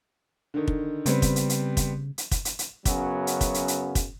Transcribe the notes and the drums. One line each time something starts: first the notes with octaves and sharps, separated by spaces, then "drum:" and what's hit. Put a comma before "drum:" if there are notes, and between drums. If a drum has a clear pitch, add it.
D3 D#3
drum: kick
C#3 G3 B3 C4, drum: hi-hat
drum: kick, hi-hat
drum: hi-hat
drum: hi-hat
drum: kick, hi-hat
drum: hi-hat
drum: kick, hi-hat
drum: hi-hat
drum: hi-hat
F#2 C#3 F#3 B3 C#4, drum: kick, hi-hat
drum: hi-hat
drum: kick, hi-hat
drum: hi-hat
drum: hi-hat
drum: kick, hi-hat